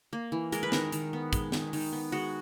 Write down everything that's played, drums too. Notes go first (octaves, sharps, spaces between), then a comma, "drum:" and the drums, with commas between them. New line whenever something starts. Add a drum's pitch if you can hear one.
A#3
E3
G#3 A#4, drum: hi-hat
B4
D#3 A#4, drum: snare
D#3, drum: hi-hat
B3
G#3, drum: kick, hi-hat
D#3, drum: snare
D#3, drum: open hi-hat
B3
G#3 F#4